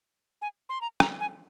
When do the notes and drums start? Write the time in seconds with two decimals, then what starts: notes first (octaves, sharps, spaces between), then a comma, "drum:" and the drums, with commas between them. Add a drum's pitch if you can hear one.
0.42 G#5
0.69 C6
0.81 A#5
1.00 A#5, drum: rim click
1.20 G#5